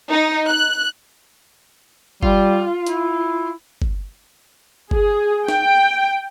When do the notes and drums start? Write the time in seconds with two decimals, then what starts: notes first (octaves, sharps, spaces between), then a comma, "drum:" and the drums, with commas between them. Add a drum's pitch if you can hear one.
0.11 D#4
0.48 F#6
2.23 G3 F4, drum: kick G1
2.86 E4, drum: hi-hat
3.82 drum: kick G1
4.91 G#4, drum: kick G1
5.48 G5, drum: snare